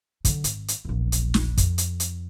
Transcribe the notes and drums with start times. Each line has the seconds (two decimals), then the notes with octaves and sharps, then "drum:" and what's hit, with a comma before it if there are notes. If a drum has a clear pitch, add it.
0.25 D3 F#3, drum: kick, hi-hat
0.44 G#1, drum: hi-hat
0.68 drum: hi-hat
0.85 E1 A#1
1.12 drum: hi-hat
1.34 drum: snare
1.57 F2, drum: kick, hi-hat
1.78 drum: hi-hat
2.00 drum: hi-hat